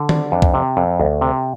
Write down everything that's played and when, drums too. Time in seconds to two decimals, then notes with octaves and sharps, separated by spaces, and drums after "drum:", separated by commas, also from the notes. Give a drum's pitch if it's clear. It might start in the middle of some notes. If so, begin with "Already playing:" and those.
Already playing: D3
0.09 D4, drum: tom
0.32 F2
0.42 drum: kick C2
0.54 C3
0.77 F2
1.00 D2
1.21 C3